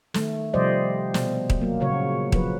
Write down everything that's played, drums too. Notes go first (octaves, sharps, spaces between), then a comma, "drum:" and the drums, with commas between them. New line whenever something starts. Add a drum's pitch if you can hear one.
D#3 A3, drum: snare
C3 F3 G3 C5 D5 D#5
B2, drum: snare
drum: kick D#1
F#3 A#3
A#2 C#3 F#4 C#5
F3 F#3 B4, drum: kick D#1